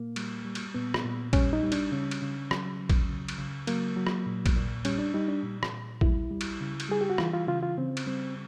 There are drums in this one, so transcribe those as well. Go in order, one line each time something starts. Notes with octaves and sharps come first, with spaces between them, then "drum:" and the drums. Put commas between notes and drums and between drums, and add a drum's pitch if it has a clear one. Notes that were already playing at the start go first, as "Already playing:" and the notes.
Already playing: A#2 A#3
G3, drum: cymbal
G3
drum: cymbal
A#2 B3
drum: rim click
A#2
G3 C#4, drum: kick, cymbal
D#4
G3
D4, drum: cymbal
C#3 C#4
drum: cymbal
C#3
F#3, drum: rim click
F#3
drum: kick, cymbal
C#3
drum: cymbal
C#3
F#3 A#3, drum: cymbal
F#3
drum: rim click
A#2
drum: kick, cymbal
A#2
G3 C#4, drum: cymbal
D4
G3 D#4
D4
A#2
drum: rim click
A#2
G3 E4, drum: kick
G3
drum: cymbal
C#3
drum: cymbal
G3 G#4
G4
F#4
E3 F4, drum: rim click
F4
C#3 F4
F4
C#3 C4
drum: cymbal
G3 C4